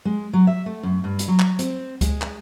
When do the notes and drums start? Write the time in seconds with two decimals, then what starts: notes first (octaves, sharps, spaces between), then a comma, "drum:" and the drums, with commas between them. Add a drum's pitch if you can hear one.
0.05 G#3
0.33 F#3
0.47 E5
0.66 A3
0.83 F#2
1.04 G2
1.19 drum: hi-hat
1.28 F#3
1.40 drum: clap
1.59 C4, drum: hi-hat
2.01 G#3, drum: kick C#2, hi-hat
2.22 drum: clap